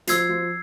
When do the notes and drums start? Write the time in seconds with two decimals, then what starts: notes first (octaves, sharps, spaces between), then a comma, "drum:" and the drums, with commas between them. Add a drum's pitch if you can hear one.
0.07 F3 E6 G#6 C7, drum: hi-hat
0.29 F3